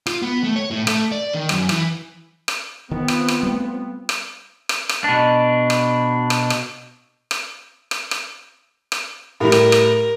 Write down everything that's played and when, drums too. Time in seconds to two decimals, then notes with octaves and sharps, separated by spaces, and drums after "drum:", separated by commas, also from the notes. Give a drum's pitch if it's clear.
0.07 F4, drum: rim click
0.22 B3
0.44 A3
0.56 C#5
0.71 A2
0.87 A3, drum: rim click
1.12 D5
1.34 D#3
1.49 F#2, drum: rim click
1.69 E3, drum: rim click
2.48 drum: rim click
2.91 D#3 B3 C4 F4
3.08 drum: rim click
3.28 drum: rim click
3.43 G3 A3
4.09 drum: rim click
4.69 drum: rim click
4.89 drum: rim click
5.04 B2 D4
5.70 drum: rim click
6.30 drum: rim click
6.50 drum: rim click
7.31 drum: rim click
7.91 drum: rim click
8.11 drum: rim click
8.92 drum: rim click
9.40 A2 G3 A#4
9.52 drum: rim click
9.72 drum: rim click